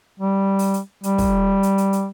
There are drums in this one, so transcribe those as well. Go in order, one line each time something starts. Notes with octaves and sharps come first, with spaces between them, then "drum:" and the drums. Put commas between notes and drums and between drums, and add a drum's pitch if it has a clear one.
G3
drum: open hi-hat
drum: hi-hat
G3, drum: hi-hat
drum: kick, open hi-hat
drum: hi-hat
drum: hi-hat
drum: hi-hat